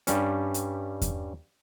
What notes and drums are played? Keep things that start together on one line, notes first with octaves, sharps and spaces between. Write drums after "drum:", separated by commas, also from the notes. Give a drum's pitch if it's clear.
G2 G3 C#4, drum: hi-hat
drum: hi-hat
drum: kick E2, hi-hat